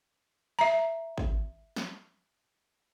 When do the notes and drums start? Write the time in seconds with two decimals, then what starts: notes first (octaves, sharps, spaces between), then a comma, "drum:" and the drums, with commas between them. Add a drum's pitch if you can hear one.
0.59 E5 A#5
1.18 drum: kick
1.76 drum: snare